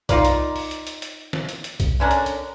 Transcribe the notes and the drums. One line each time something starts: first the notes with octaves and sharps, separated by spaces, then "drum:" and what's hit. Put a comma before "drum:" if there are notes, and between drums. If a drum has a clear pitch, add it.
D#4 F4 A#4 D5, drum: kick, hi-hat
drum: hi-hat
drum: open hi-hat
drum: hi-hat
drum: hi-hat
drum: hi-hat
drum: snare
drum: hi-hat
drum: hi-hat
drum: kick, hi-hat
D3 C#4 D4 A#4
drum: hi-hat
drum: hi-hat